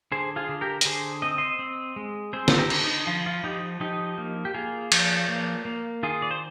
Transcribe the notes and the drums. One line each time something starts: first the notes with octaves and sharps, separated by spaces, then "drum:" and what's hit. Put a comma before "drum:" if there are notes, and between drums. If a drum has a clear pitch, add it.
D3 G#4 C5
F4 G#4
D3
G4 A#4
A#4, drum: hi-hat
D3 G#4 C5
C4 D#5
C5 D#5
C4
G#3
C4 G#4 C5
drum: snare
G4 A#4
D3, drum: cymbal
D#4
F3 F4
F4
F3 D#4 G4
F3 D#4 G4
A#3
G4
A#3 F4 G#4
F3, drum: cymbal
A#3
A#3
D#3 F4 G#4
D5
C5